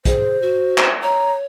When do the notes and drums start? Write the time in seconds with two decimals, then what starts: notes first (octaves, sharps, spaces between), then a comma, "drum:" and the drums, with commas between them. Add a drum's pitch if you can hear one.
0.05 G#4 C5, drum: kick, hi-hat
0.42 F#4
0.78 drum: clap
1.03 C#5 A#5